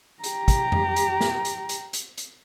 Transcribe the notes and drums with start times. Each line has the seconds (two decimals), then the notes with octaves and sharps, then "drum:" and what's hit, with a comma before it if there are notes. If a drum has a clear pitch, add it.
0.24 G4 A#5, drum: hi-hat
0.48 drum: kick, hi-hat
0.72 drum: tom F2
0.96 drum: hi-hat
1.21 drum: snare
1.45 drum: hi-hat
1.69 drum: hi-hat
1.93 drum: hi-hat
2.18 drum: hi-hat